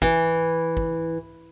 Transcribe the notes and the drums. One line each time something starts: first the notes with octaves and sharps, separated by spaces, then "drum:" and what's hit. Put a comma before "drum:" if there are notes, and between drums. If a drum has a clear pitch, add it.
E3, drum: kick
drum: kick